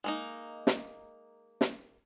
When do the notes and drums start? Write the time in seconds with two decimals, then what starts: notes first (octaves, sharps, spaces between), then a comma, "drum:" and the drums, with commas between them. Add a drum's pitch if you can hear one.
0.04 G#3 A#3 D#4
0.67 drum: snare
1.61 drum: snare